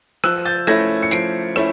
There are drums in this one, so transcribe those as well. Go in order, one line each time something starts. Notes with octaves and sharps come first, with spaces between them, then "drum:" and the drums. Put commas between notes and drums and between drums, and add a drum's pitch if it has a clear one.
F3 E6 F#6, drum: rim click
G6 A6
A3 C#4 E4 G#6 A#6, drum: rim click
C#7
F3 C7 D7, drum: hi-hat
A3 C#4 E4, drum: rim click